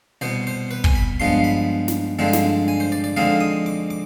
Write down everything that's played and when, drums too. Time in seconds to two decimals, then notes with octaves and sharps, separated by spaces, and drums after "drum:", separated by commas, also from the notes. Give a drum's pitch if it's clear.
0.21 C2 B2 B3 C5
0.47 C5
0.71 B4
0.84 G#5, drum: kick
0.95 B5
1.20 G2 F3 G#3 B3 C6
1.44 B5
1.88 drum: snare
2.19 G2 D3 F3 G#3 C4
2.33 drum: snare
2.68 G#5
2.80 C5
2.92 D5
3.04 D5
3.17 F2 D3 G#3 C4 D#4 F5
3.41 D#6
3.66 D6
3.90 D6